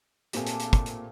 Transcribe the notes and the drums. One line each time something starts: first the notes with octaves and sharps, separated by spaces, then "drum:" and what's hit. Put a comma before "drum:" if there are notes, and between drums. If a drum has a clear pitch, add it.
A#2 A3 C4 D4 G4 G#4, drum: hi-hat
drum: hi-hat
drum: hi-hat
drum: kick, hi-hat
drum: hi-hat